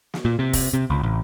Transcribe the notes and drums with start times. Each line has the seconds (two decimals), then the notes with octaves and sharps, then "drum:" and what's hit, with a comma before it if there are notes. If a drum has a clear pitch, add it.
0.14 drum: snare
0.25 A#2
0.39 C3
0.53 drum: kick, open hi-hat
0.73 C3
0.90 C#2
1.03 A1